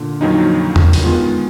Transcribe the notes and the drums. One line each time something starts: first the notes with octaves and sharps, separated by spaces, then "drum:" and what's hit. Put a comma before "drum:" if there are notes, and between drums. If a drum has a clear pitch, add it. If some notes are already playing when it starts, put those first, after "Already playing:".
Already playing: A#2 D3
F2 D#3 F#3 A#3 D#4
drum: tom E2
drum: open hi-hat
D#3 G#3 B3 F4